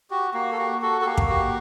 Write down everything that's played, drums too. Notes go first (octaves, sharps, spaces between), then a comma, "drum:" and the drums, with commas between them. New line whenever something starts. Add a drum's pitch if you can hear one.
F#4 G4
A#3 F#4
A4
F#4 G4
F#4 A4
A4
A#3 G4
drum: kick
F#4 G4